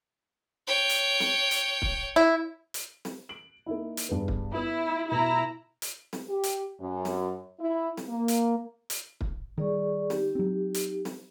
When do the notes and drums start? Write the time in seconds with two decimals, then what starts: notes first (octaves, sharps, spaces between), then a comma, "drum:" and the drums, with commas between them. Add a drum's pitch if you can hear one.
0.68 C#5 G5
0.89 drum: hi-hat
1.20 drum: snare
1.51 drum: hi-hat
1.82 drum: kick
2.16 E4
2.74 drum: hi-hat
3.05 drum: snare
3.29 D7 F#7
3.66 A#3 D#4 E4
3.97 drum: hi-hat
4.09 G2 G#3 B3
4.28 drum: kick
4.55 B3 E4
5.12 B2 E4 A#5
5.82 drum: hi-hat
6.13 drum: snare
6.29 G4
6.44 drum: hi-hat
6.81 F#2
7.05 drum: snare
7.60 E4
7.97 drum: snare
8.09 A#3
8.28 drum: hi-hat
8.90 drum: hi-hat
9.21 drum: kick
9.58 D#3 G3 G#4 D5 C#6
10.10 D#4 G4, drum: snare
10.35 F#3 C4
10.74 drum: hi-hat
11.05 drum: snare